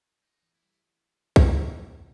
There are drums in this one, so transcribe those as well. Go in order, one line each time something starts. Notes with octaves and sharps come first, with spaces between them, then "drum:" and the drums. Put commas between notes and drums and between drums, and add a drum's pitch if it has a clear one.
D#4
E3
A3 E4
G3
A3
drum: kick
A4